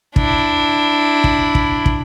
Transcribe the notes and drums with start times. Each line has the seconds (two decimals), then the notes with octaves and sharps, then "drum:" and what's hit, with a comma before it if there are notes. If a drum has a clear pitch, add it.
0.16 D4 E4, drum: kick
1.24 drum: kick
1.55 drum: kick
1.86 drum: kick